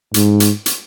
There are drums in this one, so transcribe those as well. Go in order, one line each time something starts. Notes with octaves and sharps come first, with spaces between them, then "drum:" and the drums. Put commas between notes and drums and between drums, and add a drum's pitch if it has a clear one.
G#2, drum: hi-hat
drum: hi-hat
drum: hi-hat